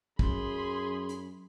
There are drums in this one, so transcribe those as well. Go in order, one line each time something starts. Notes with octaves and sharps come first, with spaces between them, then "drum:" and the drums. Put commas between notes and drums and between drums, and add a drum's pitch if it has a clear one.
F#2 G#4 B5 C6, drum: kick
drum: hi-hat